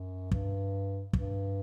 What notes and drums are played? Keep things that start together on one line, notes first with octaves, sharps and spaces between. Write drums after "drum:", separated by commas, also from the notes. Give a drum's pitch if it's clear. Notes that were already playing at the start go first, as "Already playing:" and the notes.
Already playing: F#2
G2, drum: kick
G2, drum: kick